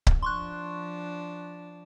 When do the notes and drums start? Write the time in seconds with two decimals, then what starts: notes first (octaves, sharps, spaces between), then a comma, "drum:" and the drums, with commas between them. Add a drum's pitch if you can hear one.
0.07 drum: kick C#1
0.22 F3 D4 C6 C#6 F#6